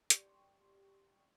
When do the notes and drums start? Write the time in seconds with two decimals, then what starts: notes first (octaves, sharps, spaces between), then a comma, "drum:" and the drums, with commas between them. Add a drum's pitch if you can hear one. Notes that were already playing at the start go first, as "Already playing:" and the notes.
0.10 G4 D5 G5 C6 C#6, drum: hi-hat